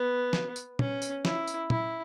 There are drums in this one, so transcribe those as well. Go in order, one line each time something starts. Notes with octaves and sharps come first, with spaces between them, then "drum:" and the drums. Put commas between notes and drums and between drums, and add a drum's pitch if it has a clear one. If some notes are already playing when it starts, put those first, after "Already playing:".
Already playing: B3
drum: snare
drum: tambourine
C#4, drum: tom
drum: tambourine
E4, drum: snare
drum: tambourine
E4, drum: tom